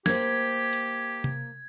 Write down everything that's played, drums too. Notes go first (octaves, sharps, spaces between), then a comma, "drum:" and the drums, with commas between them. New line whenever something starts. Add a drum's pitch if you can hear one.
A#3 G4 C5 G#6, drum: snare
drum: hi-hat
drum: tom C3